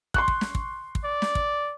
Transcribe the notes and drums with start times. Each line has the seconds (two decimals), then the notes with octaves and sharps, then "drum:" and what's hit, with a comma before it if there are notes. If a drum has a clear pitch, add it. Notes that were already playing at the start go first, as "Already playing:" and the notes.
0.14 C6 C#6 F#6, drum: kick
0.28 drum: kick
0.41 drum: snare
0.55 drum: kick
0.95 drum: kick
1.04 D5
1.22 drum: snare
1.35 drum: kick